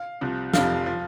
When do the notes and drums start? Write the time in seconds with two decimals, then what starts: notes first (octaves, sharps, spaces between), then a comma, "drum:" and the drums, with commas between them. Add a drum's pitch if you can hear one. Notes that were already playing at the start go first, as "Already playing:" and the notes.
Already playing: F5
0.21 C2 C3 F3
0.53 F1 F2 C3 F3 F5, drum: snare
0.86 F3